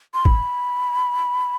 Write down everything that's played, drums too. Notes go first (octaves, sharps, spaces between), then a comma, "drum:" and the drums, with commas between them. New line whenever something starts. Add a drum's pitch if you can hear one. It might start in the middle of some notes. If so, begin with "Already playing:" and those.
C6
B5, drum: kick